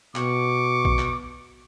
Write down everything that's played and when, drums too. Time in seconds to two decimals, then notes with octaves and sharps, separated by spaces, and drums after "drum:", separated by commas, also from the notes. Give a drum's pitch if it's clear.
0.16 B2 C#6 D6, drum: clap
0.85 drum: kick A#1
0.99 drum: clap